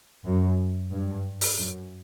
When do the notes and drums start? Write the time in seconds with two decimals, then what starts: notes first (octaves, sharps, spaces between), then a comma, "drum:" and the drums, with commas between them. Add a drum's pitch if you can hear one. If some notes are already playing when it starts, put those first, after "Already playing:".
0.25 F#2
0.91 G2
1.41 drum: open hi-hat
1.58 F#2